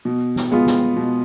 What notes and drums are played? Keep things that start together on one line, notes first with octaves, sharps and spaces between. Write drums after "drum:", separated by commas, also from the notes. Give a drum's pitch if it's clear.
B2
drum: snare
G#3 B3 F4
drum: snare
B2